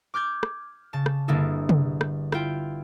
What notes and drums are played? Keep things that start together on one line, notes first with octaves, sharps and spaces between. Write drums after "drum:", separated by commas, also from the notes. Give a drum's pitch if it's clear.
D6 F6 G6 G#6
drum: rim click
C#3 A5
drum: rim click
G1 D3 A#3 E4 G#4 A4
drum: tom
drum: rim click
E4 F4 G5, drum: rim click